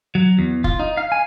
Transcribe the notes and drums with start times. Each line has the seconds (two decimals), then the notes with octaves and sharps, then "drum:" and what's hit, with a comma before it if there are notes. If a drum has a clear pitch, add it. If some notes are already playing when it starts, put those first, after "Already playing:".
0.15 F#3
0.39 E2
0.64 F4, drum: kick
0.80 D#4
0.97 F5
1.12 G#5